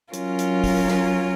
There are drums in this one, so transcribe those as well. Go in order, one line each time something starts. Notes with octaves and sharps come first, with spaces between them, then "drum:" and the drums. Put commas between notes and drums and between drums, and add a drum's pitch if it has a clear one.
F#3 C#4 F4 A#4, drum: hi-hat
drum: hi-hat
drum: kick, open hi-hat
drum: snare